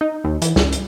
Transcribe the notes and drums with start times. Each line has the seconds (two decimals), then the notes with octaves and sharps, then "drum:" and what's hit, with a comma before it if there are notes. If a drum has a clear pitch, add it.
0.01 D#4
0.24 D#2
0.42 E3, drum: hi-hat
0.56 C#2, drum: snare
0.72 drum: hi-hat